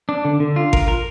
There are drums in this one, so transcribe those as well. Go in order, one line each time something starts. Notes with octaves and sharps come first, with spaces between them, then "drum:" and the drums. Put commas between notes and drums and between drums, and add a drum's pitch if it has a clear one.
D4
D3
D3
F4
A#4, drum: kick G#1
A#4